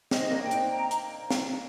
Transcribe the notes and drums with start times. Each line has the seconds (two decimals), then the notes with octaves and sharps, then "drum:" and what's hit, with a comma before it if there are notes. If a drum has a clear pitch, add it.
0.11 C4 D#4 D#5, drum: snare
0.28 C4
0.31 A#3 D4
0.42 G5
0.51 C4 D#4, drum: hi-hat
0.71 A#5
0.91 drum: hi-hat
1.31 drum: snare